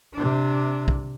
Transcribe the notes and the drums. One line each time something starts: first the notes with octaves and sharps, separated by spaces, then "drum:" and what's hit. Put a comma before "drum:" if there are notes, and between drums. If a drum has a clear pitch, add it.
C3 D4
drum: kick